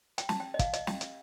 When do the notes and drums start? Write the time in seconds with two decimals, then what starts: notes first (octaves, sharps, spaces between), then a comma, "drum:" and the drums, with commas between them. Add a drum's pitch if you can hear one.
0.18 G5, drum: hi-hat
0.29 A5, drum: snare
0.40 G5
0.54 D#5
0.59 F5, drum: kick, hi-hat
0.73 D#5, drum: hi-hat
0.87 G5, drum: snare
1.01 drum: hi-hat